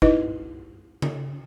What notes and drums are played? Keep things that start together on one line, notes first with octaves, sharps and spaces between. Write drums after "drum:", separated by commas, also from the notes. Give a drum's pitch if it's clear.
D#4 E4 B4 D#5, drum: kick
drum: tom C#3